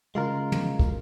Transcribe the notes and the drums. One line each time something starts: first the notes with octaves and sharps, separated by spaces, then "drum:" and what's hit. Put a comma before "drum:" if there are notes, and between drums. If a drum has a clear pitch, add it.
C#3 G#3 F4 A#4
drum: tom
drum: kick